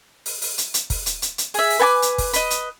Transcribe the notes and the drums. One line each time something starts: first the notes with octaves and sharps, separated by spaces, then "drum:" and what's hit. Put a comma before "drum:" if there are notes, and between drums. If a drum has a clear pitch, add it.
drum: open hi-hat
drum: open hi-hat
drum: hi-hat
drum: hi-hat
drum: kick, open hi-hat
drum: hi-hat
drum: hi-hat
drum: hi-hat
G#4 E5, drum: open hi-hat
drum: open hi-hat
B4 G#5 A5 D6
drum: hi-hat
drum: kick, open hi-hat
B4 D#5, drum: hi-hat
drum: hi-hat